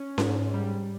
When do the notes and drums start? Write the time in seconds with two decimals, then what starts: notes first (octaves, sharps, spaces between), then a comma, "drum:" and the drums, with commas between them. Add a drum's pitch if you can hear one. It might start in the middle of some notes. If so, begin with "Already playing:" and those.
Already playing: C#4
0.18 G#2, drum: snare C#4
0.54 G3